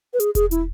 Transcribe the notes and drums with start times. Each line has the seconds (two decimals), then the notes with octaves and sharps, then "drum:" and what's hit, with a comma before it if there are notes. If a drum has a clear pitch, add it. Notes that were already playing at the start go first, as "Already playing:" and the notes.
0.13 B4
0.20 G#4, drum: hi-hat
0.35 G#4, drum: kick E1, hi-hat
0.51 E4, drum: hi-hat